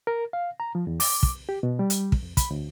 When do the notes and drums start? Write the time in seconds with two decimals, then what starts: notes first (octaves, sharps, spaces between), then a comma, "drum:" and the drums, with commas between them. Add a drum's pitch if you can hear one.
0.07 A#4
0.33 F5
0.60 A#5
0.75 F3
0.87 E2
1.00 D6, drum: open hi-hat
1.23 drum: kick
1.49 G4
1.63 B2
1.79 G3
1.90 drum: hi-hat
2.12 drum: kick
2.23 F2
2.37 B5, drum: kick, hi-hat
2.51 D2